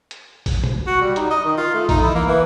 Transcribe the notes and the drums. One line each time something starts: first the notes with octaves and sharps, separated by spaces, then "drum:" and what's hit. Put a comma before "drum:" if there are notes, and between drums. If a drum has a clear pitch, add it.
drum: hi-hat
drum: kick A1, open hi-hat
drum: tom B2
F#4
G3
D#4, drum: hi-hat
D#5
D#3
F4
A3
D#4, drum: kick A1, open hi-hat
E4, drum: tom
A#3
E3